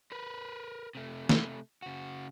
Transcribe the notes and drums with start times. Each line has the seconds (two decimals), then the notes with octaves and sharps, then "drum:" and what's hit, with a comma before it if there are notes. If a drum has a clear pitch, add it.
0.12 A#4 B4
0.95 C3 A3
1.29 drum: snare
1.82 C#3 F#4